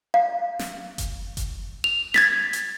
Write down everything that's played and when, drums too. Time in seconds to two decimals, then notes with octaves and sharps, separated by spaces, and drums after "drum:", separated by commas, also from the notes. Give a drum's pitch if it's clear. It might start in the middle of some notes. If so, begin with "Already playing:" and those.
0.14 F5
0.59 drum: snare
0.98 drum: kick F#1, hi-hat
1.37 drum: kick F#1, hi-hat
1.84 F7
2.14 G#6 A6 B6, drum: snare
2.53 drum: hi-hat